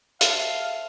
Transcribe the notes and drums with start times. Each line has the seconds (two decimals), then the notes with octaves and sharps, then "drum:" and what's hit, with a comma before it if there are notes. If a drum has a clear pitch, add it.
0.21 A4 C5 E5 F5, drum: hi-hat